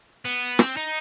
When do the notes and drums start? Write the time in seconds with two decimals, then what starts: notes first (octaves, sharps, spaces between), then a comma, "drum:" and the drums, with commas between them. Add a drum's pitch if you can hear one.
0.25 B3
0.59 C4, drum: rim click
0.77 D#4